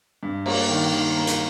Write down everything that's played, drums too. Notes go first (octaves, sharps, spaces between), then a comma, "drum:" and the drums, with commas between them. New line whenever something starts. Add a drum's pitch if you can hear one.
G2
A#3, drum: cymbal
D#3
D#3
A#3
drum: hi-hat